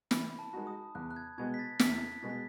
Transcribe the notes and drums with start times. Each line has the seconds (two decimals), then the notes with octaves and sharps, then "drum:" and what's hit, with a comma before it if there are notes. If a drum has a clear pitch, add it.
0.11 E3 B5, drum: snare
0.30 B5
0.39 A5
0.53 G#3 D#4 F#4
0.67 D#6
0.95 E2 F#6
1.11 F#6
1.16 G#6
1.38 B2 G#3 B3 G#6
1.54 B6
1.59 A6
1.79 E2 B6, drum: snare
2.22 B2 G#3 B3 A6
2.29 B6